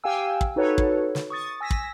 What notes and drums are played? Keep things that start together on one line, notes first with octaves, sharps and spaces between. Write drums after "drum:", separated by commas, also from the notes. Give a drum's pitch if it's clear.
G4 F5 G5 G#5 E6
drum: kick
D#4 F#4 A4 B4 C#5
drum: kick
drum: snare
C#6 D#6 A6
G#5 E6 A#6 B6
drum: kick